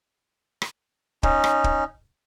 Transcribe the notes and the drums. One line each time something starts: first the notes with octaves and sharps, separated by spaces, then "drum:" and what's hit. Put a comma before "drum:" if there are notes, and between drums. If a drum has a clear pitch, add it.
drum: rim click
C#4 D#4, drum: kick
drum: rim click
drum: kick